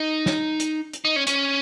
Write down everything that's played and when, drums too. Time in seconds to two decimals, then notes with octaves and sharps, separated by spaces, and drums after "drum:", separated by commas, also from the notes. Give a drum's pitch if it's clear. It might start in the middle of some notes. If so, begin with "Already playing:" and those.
Already playing: D#4
0.26 drum: snare
0.60 drum: hi-hat
0.93 drum: hi-hat
1.05 D#4
1.16 C#4
1.27 C#4, drum: hi-hat